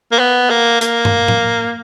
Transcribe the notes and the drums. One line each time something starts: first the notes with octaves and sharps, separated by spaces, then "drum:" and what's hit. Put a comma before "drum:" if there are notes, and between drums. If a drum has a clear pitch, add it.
A#3
B3
A#3
A#3, drum: hi-hat
drum: tom G2
drum: tom A2